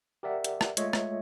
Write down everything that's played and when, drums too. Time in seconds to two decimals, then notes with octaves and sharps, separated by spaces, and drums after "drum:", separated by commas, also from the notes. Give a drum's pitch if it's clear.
0.23 G4 A#4 D5 E5 F#5
0.44 drum: hi-hat
0.61 drum: rim click
0.77 G#3 A3 F4 C#5 D#5 E5, drum: hi-hat
0.93 drum: rim click